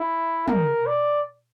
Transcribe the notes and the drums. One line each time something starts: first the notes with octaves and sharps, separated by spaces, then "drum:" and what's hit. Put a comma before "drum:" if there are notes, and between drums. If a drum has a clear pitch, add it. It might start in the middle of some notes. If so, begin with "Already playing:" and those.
Already playing: E4
A#4, drum: tom
D5